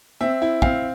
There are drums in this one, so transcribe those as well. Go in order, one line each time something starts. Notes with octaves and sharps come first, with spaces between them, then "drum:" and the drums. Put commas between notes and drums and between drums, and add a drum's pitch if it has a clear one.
C4 E5
E4
C4 F5, drum: kick